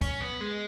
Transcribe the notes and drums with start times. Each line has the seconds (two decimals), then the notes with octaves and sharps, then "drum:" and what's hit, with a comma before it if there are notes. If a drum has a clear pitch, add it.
0.01 C#4, drum: kick, hi-hat
0.21 B3
0.41 G#3